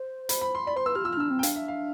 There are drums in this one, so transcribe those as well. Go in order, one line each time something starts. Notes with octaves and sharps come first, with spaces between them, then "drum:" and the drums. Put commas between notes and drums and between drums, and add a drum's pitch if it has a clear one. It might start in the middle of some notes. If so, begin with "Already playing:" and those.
Already playing: C5
B5, drum: hi-hat
B5
C6
D5 B5
C5 C6
B4 E6
G4 F6
F4 E6
F6
D4 E6
C4
G5
D4 F5, drum: hi-hat
E5
F5